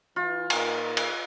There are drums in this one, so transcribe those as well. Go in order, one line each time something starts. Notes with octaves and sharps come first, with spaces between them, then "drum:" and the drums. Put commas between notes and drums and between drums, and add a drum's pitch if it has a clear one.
E3 F4
A#2 D#4 A#4, drum: cymbal
drum: cymbal